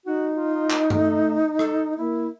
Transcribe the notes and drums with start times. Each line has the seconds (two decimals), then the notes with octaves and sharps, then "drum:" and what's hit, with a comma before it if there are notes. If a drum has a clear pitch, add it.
0.06 D#4 F#4
0.35 F4
0.70 drum: clap
0.90 A3, drum: tom
1.59 A4, drum: rim click
1.98 A#3 E4